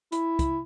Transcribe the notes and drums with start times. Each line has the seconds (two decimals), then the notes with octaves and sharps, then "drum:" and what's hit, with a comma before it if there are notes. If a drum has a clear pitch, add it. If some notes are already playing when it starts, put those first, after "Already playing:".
0.12 E4, drum: hi-hat
0.39 drum: kick, hi-hat